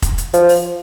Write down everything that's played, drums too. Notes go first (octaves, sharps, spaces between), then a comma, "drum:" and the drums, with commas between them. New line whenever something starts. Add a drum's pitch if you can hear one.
drum: kick F1, hi-hat
drum: hi-hat
F3, drum: hi-hat
drum: open hi-hat